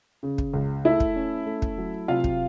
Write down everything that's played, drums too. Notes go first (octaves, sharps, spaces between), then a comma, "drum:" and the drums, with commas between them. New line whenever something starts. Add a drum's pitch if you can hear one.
C#3
drum: kick
C#2
A3 E4 E5
drum: kick
C#4
A3
drum: kick
F#3
C3 F4 F5
drum: kick